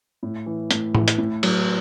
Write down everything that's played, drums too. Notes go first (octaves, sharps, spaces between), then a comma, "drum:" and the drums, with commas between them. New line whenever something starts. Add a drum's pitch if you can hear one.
A2
E3
A2, drum: hi-hat
E3, drum: tom A2
drum: hi-hat
A2
F#3, drum: cymbal